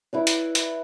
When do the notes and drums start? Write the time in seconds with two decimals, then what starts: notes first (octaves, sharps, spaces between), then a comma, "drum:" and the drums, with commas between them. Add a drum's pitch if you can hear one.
0.13 E4 B4 D5
0.27 drum: hi-hat
0.55 drum: hi-hat